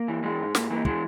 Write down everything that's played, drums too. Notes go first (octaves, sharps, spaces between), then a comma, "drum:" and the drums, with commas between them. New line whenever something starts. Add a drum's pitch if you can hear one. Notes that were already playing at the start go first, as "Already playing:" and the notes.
Already playing: A#3
E3
E3 G#3
G#2
G#2 A#3, drum: snare
E3 A#3
E3 G#3, drum: kick